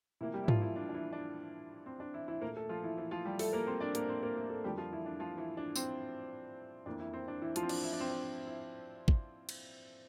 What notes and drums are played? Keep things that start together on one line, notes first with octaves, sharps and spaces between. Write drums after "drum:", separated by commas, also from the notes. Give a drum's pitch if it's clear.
C3 E3 F3 A#3 E4
G3 G4
E4
F3 F4, drum: tom G#2
E3 E4
D4
D4
E3 E4
D4
C4
D4
E3 E4
E3 E4
A#2 A3 A#3 A#4
A3 A4
F3 F4
E3 E4
E3 E4
F3 F4
G3 G4
A3 A4, drum: open hi-hat
A#3 A#4
C4 C5
D4 D5
A#3 A#4, drum: hi-hat
C4 C5
A#3 A#4
A3 A4
A3 A4
F2 D3 F3 G3 A#3 G4
F3 F4
E3 E4
D4
F3 F4
E3 E4
D4
C4, drum: tambourine
F2 E3 A#3 D4
E3 E4
C4
D4
E3 E4
F3 F4, drum: hi-hat
C4
D4, drum: cymbal
E4
D4
C4
D4
E4
drum: kick
drum: cymbal